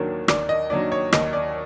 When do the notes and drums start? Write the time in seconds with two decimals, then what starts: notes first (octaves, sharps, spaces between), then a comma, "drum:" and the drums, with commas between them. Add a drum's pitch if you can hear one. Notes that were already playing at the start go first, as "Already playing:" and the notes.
Already playing: D#2 D#3 F#3 A#3 D4
0.28 D#2 D5, drum: rim click
0.49 D#5
0.70 D#3 F#3 A#3 D4 D5
0.92 C#5
1.12 D#2 D#5, drum: rim click
1.33 D5